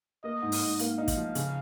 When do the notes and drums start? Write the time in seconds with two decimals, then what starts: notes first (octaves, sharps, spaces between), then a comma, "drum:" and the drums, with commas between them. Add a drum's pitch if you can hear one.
0.24 A#3 D#5
0.42 G#2
0.52 drum: open hi-hat
0.61 G#2
0.79 A#3 F5, drum: hi-hat
0.98 D#4
1.08 drum: kick, hi-hat
1.17 F3
1.35 C#3, drum: hi-hat